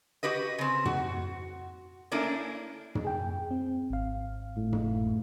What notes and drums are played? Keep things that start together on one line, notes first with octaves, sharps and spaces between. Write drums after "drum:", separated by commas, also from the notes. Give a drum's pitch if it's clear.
F#4 G4 B4 D#5
C#3 C4
F#4, drum: tom
A3 A#3 C#4 D4 E4
drum: tom
G#4 G5
C4
G#1 F5
A2
drum: tom